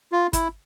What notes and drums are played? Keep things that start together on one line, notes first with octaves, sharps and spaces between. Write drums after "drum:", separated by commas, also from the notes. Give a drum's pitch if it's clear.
F4
E4, drum: kick, hi-hat